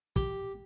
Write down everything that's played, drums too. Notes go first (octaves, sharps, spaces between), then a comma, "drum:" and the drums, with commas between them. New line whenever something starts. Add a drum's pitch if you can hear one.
G4, drum: kick